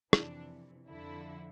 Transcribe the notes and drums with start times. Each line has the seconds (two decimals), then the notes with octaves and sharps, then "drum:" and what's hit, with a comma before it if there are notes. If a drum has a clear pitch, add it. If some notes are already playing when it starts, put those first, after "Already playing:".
0.13 F2 C3 E3 D4, drum: rim click
0.88 F2 D3 F3 E4